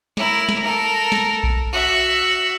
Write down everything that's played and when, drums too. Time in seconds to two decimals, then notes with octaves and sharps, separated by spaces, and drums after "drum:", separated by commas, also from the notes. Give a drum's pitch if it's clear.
0.17 E4 A#4, drum: snare
0.49 drum: snare
0.64 A4 A#4
1.12 drum: snare
1.43 drum: kick A#1
1.72 F#4 E5